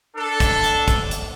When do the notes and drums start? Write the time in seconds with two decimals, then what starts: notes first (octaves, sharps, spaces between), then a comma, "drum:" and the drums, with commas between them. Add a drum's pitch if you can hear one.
0.17 D4 A4
0.40 drum: kick, hi-hat
0.64 drum: hi-hat
0.88 drum: kick, hi-hat
1.11 drum: hi-hat